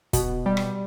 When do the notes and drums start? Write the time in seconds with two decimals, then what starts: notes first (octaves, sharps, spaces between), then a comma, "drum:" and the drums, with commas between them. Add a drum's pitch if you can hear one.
0.13 B2, drum: kick, hi-hat
0.46 G3
0.57 drum: rim click